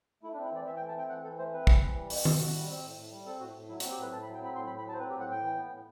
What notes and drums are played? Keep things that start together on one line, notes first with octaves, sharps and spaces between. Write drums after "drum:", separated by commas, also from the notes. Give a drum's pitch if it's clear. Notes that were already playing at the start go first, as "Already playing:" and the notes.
A3 E4
D4
C4
E4
E3 D5
E3 E5
G5
A3
A5
C4 G5
E3 F#5
E3 A4
A3 C5
C4 B4
E3, drum: kick
E3
G3
C4, drum: open hi-hat
A2, drum: tom D#3
A2 F#4
G3
C4
A2
A2
G3
C4 A4
A2 F#4
A2
F#3 E4
F#4, drum: hi-hat
C4
G4
A2 B4
A2 A5
B5
F#3
G5
C4 B5
A2 C6
B5
A2
B5
F#3 A5
C5
C4 B4
G4
A2
F#5
A2 G5
E3
B3
A2